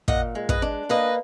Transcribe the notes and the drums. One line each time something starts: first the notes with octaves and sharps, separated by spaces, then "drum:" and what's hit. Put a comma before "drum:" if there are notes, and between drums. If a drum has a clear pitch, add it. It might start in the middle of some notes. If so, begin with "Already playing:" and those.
A#2 D#5 F#5, drum: kick
G#3
B4 D#5, drum: kick
D4
A#3 B4 D#5